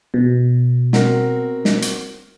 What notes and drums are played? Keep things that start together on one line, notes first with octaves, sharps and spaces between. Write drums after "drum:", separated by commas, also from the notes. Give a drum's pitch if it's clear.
B2
C4 F#4 A#4, drum: snare
drum: snare
drum: hi-hat